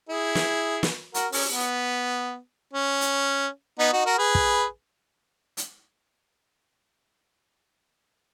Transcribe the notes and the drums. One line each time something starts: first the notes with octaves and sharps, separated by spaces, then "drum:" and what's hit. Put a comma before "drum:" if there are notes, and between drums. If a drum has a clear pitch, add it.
E4 G#4
drum: snare
drum: snare
F#4 A#4, drum: hi-hat
C#4, drum: open hi-hat
B3
C#4
drum: hi-hat
B3 D#4
D#4 F#4
F#4 A#4
G#4 B4
drum: kick
drum: hi-hat